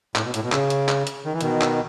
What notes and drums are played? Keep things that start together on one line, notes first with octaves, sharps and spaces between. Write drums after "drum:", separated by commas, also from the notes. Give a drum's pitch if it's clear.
A2, drum: clap
B2
A2, drum: hi-hat
B2
C#3, drum: clap
drum: hi-hat
drum: clap
drum: hi-hat
D#3
E3
B2 D#3, drum: hi-hat
drum: clap